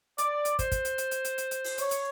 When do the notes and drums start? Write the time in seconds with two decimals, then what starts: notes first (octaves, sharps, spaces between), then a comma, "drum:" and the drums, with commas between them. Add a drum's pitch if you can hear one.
0.18 D5, drum: hi-hat
0.45 drum: hi-hat
0.59 C5, drum: kick, hi-hat
0.72 drum: kick, hi-hat
0.85 drum: hi-hat
0.98 drum: hi-hat
1.11 drum: hi-hat
1.25 drum: hi-hat
1.38 drum: hi-hat
1.51 drum: hi-hat
1.64 drum: open hi-hat
1.78 C#5, drum: hi-hat
1.91 drum: hi-hat